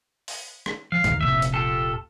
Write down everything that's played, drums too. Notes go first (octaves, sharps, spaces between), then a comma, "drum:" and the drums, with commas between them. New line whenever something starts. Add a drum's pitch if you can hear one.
drum: open hi-hat
drum: rim click
F3 F5
D2 D3 D#3, drum: kick, hi-hat
F1 C2 A#2 E5
drum: hi-hat
F4 G4 A4